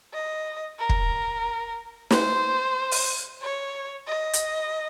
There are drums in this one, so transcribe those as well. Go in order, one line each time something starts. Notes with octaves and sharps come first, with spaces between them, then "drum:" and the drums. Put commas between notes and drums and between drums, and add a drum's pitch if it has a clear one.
D#5
A#4
drum: kick
C5, drum: snare
drum: open hi-hat
C#5
D#5
drum: hi-hat